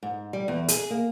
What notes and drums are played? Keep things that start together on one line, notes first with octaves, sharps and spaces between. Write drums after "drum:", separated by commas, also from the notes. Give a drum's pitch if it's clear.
G#2
G3
E2
G#4, drum: hi-hat
A#3